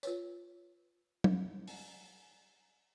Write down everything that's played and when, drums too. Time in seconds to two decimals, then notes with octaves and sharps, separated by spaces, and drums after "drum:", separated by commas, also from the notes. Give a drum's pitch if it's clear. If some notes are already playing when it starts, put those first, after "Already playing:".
0.03 F4 B4 C#5, drum: tambourine
1.24 drum: tom F#3
1.68 drum: open hi-hat